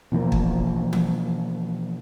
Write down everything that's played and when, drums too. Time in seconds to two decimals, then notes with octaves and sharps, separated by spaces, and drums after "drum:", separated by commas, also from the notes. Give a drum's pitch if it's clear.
0.12 B2 E3 F3 A#3
0.32 drum: kick
0.93 drum: tom E3